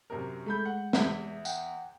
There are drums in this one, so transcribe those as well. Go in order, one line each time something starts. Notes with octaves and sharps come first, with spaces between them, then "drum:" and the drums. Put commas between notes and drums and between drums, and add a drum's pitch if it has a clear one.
F#2 C3 A#4
G#3 A3 B5 G6
F#5
E2 E5, drum: snare
F#5 G5, drum: tambourine